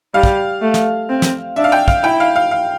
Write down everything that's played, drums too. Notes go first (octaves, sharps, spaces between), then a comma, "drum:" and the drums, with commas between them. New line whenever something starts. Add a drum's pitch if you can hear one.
G3 F5
drum: kick
A3
drum: snare
C4
drum: snare
D4 E5
F5
G5
F5, drum: kick
E4 G5
F5
F5
F5